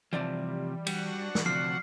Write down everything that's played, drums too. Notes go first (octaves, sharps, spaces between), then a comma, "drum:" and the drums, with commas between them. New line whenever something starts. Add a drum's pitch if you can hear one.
C3 E3 F3 G3 D5 A5
G3 D4 F#4 F#5, drum: cymbal
drum: snare
D2 C3 F3 F6 C7